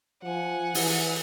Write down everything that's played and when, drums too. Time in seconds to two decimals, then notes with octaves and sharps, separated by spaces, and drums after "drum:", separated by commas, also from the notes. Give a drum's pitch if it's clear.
0.23 F3 F#5 G#5
0.75 E3, drum: open hi-hat